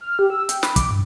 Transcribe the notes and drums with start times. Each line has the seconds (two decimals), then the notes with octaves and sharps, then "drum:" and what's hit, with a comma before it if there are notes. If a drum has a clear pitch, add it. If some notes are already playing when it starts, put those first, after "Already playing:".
0.01 F6
0.19 G4
0.30 E6
0.49 G5, drum: hi-hat
0.63 B5, drum: snare
0.76 D6, drum: kick, hi-hat
0.91 G2